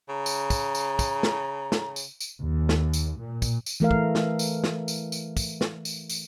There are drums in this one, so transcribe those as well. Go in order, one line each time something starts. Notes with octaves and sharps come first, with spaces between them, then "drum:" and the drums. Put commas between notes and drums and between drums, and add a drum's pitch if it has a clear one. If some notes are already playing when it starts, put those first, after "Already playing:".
C#3 A#5
drum: tambourine
drum: kick, tambourine
drum: tambourine
drum: kick, tambourine
drum: snare
drum: snare
drum: tambourine
drum: tambourine
D#2
drum: snare
drum: tambourine
A#2
drum: kick, tambourine
drum: tambourine
E3 A3 A#4 F5
drum: kick
drum: snare
drum: tambourine
drum: snare
drum: tambourine
drum: tambourine
drum: kick, tambourine
drum: snare
drum: tambourine
drum: tambourine